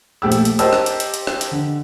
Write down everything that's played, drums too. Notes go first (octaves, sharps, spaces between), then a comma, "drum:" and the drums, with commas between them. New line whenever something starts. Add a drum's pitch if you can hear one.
A#1 A3 G4 E6
drum: hi-hat
drum: hi-hat
G4 A#4 C5 D#5 A5 E6, drum: hi-hat
drum: rim click
drum: hi-hat
drum: hi-hat
drum: hi-hat
drum: rim click
drum: hi-hat
D3